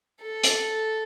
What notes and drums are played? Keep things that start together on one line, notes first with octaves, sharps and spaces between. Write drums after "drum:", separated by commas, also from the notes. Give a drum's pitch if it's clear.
A4
drum: hi-hat